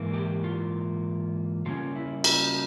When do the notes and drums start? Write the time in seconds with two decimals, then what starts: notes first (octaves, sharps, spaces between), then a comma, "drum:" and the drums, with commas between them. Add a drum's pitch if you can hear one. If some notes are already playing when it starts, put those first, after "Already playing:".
Already playing: G#2 E3 A#3
0.13 G4
0.44 F4
1.66 C#3 G3 A#3 C#4 F4
1.96 E4
2.24 drum: cymbal